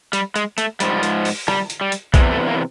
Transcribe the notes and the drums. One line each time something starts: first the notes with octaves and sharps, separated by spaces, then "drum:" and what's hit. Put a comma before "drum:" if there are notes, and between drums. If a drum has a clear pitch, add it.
G3, drum: hi-hat
G#3, drum: hi-hat
A3, drum: hi-hat
G#2 F3 G3, drum: hi-hat
drum: hi-hat
drum: open hi-hat
G3, drum: rim click
drum: hi-hat
G3
drum: hi-hat
E2 C3 E3 G#3, drum: kick B1, hi-hat
A3
A#3